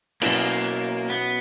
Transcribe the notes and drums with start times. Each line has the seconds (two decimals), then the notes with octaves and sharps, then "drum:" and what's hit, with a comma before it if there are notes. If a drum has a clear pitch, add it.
0.22 B2 F#3 A#3 C#4 E4 B4, drum: cymbal
1.10 B3